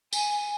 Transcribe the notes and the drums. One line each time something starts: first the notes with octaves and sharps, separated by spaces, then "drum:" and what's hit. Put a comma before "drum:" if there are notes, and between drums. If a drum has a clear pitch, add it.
G#5, drum: tambourine